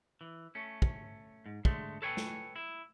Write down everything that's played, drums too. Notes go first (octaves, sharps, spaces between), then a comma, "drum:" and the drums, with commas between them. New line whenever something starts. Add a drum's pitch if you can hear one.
E3
A3 C#4
drum: kick
G#2
D3 G#3 A3, drum: kick
A4 B4 C#5 G5 G#5
drum: snare A3
E4